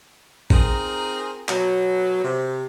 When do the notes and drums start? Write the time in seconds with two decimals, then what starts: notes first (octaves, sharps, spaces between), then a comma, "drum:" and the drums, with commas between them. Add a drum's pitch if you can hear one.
0.50 C4 D#4 F4 G#4 A#4, drum: kick
1.48 B2 F#3, drum: clap
2.23 C3